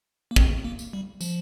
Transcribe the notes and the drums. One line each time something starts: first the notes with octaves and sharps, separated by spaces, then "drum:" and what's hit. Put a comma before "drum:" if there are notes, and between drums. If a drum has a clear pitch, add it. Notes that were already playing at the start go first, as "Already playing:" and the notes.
A#3
C4, drum: kick
A#3
drum: tambourine
G3
F3, drum: tambourine